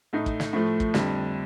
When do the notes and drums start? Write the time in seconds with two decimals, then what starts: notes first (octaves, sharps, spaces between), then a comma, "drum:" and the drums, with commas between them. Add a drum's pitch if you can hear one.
0.13 A2 A3 D#4
0.26 drum: kick
0.40 drum: snare
0.53 A2 F3 A3
0.80 drum: kick
0.94 F2 D3 G3, drum: snare